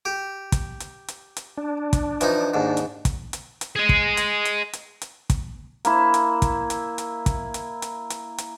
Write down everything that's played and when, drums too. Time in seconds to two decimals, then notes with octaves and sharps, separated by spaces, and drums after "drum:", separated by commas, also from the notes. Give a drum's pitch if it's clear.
0.05 G4
0.52 drum: kick, hi-hat
0.80 drum: hi-hat
1.08 drum: hi-hat
1.37 drum: hi-hat
1.57 D4
1.93 drum: kick, hi-hat
2.21 E3 F3 D#4, drum: hi-hat
2.54 D#2 G#2
2.77 drum: hi-hat
3.05 drum: kick, hi-hat
3.33 drum: hi-hat
3.61 drum: hi-hat
3.76 G#4 D#5
3.89 drum: kick
4.17 drum: hi-hat
4.45 drum: hi-hat
4.73 drum: hi-hat
5.02 drum: hi-hat
5.30 drum: kick, hi-hat
5.85 A#3 E4, drum: hi-hat
6.14 drum: hi-hat
6.42 drum: kick, hi-hat
6.70 drum: hi-hat
6.98 drum: hi-hat
7.26 drum: kick, hi-hat
7.54 drum: hi-hat
7.82 drum: hi-hat
8.10 drum: hi-hat
8.38 drum: hi-hat